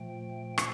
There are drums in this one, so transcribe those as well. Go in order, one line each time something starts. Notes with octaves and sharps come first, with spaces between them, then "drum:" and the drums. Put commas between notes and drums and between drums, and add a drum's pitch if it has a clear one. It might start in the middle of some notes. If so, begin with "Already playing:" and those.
Already playing: A#2 F3 A3 G5
drum: rim click